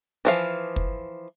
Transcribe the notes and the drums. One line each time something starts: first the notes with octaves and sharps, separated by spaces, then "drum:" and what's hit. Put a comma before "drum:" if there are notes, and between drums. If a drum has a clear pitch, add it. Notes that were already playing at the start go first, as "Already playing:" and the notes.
E3 F3 F5
drum: kick